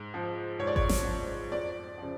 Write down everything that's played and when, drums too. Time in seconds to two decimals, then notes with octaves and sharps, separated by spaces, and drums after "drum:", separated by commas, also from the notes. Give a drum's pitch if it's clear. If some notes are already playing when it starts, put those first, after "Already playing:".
Already playing: G#2
0.14 F3
0.59 G#2 C#5
0.67 D5
0.76 C#5, drum: kick G#1
0.89 drum: snare
1.05 F3
1.52 F2 D5
1.98 C#3 F3